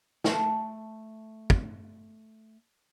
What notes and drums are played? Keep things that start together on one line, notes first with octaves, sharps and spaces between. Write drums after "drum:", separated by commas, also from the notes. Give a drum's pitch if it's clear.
A3 A5, drum: snare
drum: kick